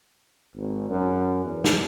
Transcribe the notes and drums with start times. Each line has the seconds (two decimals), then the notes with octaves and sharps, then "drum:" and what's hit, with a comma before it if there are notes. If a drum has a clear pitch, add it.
0.56 G#1
0.90 F#2
1.45 E2
1.64 drum: snare